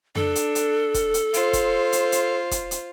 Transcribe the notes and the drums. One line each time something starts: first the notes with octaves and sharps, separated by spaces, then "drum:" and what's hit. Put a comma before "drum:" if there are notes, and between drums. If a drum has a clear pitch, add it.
D4 A4, drum: tom F2
drum: hi-hat
drum: hi-hat
drum: kick, hi-hat
drum: hi-hat
F4 C5, drum: hi-hat
drum: kick, hi-hat
drum: hi-hat
drum: hi-hat
drum: kick, hi-hat
drum: hi-hat